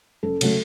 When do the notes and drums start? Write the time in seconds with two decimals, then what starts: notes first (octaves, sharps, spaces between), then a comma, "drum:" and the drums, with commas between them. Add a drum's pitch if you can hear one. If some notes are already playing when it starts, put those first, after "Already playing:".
0.23 F#1 A4
0.41 C#3 F#3 A3, drum: cymbal